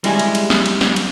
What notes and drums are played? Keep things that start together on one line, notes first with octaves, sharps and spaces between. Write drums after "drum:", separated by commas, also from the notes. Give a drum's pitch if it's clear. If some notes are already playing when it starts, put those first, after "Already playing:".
G3 G#3 E4 G#4, drum: cymbal
drum: cymbal
drum: cymbal
drum: snare
drum: cymbal
drum: snare
drum: cymbal